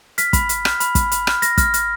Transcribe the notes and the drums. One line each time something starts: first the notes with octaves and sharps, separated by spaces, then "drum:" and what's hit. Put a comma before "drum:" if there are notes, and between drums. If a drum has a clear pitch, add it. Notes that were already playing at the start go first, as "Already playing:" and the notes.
F6 B6, drum: hi-hat
B5, drum: kick, hi-hat
B5, drum: hi-hat
F6, drum: rim click
B5, drum: hi-hat
B5, drum: kick, hi-hat
B5, drum: hi-hat
F6, drum: rim click
F6 A#6, drum: hi-hat
F6, drum: kick, hi-hat
F6, drum: hi-hat